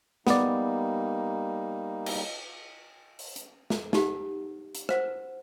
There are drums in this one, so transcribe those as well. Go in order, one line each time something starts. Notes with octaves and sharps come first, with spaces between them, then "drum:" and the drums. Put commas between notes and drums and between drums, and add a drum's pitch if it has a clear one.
G3 A#3 B3 D#4 D5, drum: snare
drum: cymbal
drum: open hi-hat
drum: hi-hat
drum: snare
D#4 G4 F#5, drum: snare
drum: hi-hat
C5 F#5, drum: rim click